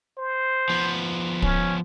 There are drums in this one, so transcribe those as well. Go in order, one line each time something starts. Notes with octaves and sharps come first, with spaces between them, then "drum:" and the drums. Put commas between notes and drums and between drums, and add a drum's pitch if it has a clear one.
C5
F3 B3
C#4, drum: kick